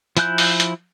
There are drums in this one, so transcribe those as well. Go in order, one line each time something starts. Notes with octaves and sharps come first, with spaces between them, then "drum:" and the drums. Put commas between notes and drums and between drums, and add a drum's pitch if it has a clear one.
F3 E4 G#5 F#6 G6, drum: hi-hat
drum: open hi-hat
drum: hi-hat